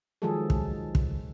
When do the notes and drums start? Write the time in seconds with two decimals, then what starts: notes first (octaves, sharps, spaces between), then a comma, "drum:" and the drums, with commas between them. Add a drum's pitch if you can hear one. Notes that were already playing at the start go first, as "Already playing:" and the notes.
0.22 D#3 F3 F#3 G#3 G#4 A4
0.50 drum: kick
0.95 drum: kick